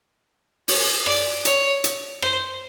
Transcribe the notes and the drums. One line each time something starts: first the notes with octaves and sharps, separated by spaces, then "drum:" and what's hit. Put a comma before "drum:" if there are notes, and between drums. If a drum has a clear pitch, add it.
C#5, drum: open hi-hat
D5, drum: rim click
C#5, drum: hi-hat
drum: hi-hat
C5, drum: rim click